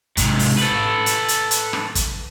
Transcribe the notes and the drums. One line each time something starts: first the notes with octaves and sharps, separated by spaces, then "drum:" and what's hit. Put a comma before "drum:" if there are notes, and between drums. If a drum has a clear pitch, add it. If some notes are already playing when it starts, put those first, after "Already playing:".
G#2 C3, drum: kick, hi-hat
drum: open hi-hat
A4 B4
drum: hi-hat
drum: hi-hat
drum: hi-hat
drum: rim click
drum: kick, hi-hat